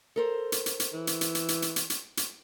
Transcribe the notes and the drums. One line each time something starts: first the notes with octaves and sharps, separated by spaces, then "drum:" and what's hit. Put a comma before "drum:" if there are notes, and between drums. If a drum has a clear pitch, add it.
A4 A#4 C5
drum: hi-hat
drum: hi-hat
drum: hi-hat
E3
drum: hi-hat
drum: hi-hat
drum: hi-hat
drum: hi-hat
drum: hi-hat
drum: hi-hat
drum: hi-hat
drum: hi-hat